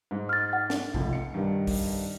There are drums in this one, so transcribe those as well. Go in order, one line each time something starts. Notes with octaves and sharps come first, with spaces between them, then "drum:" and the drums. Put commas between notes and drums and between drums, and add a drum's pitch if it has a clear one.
G#2
F6 A6
F#5
drum: snare
F1 C#2, drum: kick B1
C#7
G2 D#3
drum: kick B1, open hi-hat